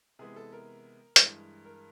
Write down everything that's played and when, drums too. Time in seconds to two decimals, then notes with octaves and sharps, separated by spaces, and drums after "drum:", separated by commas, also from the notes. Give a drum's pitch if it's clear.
0.19 C3 E3 G#3 B3 G#4
0.36 A4
0.52 A#4
1.16 G2 E3 G#3, drum: hi-hat
1.65 A#4